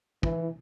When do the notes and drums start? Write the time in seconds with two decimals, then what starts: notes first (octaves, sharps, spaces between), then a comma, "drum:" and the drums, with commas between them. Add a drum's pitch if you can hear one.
0.23 E3 E4, drum: kick